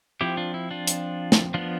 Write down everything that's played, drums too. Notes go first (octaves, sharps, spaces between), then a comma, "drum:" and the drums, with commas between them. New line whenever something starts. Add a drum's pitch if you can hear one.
F3 C4 E4 G4
D4 F4
E4
D4 F4
drum: hi-hat
drum: snare
F3 B3 D4 F4